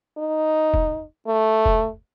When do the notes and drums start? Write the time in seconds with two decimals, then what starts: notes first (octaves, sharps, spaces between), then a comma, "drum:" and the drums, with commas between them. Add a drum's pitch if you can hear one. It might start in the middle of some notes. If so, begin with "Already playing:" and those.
0.18 D#4
0.74 drum: kick
1.27 A3
1.66 drum: kick